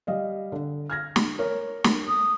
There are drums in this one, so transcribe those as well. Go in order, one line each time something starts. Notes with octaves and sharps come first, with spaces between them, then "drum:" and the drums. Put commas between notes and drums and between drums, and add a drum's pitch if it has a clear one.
G3 D#5 F5
D3
F6 G#6 A#6
drum: snare
A#4 C#5
drum: snare
D#6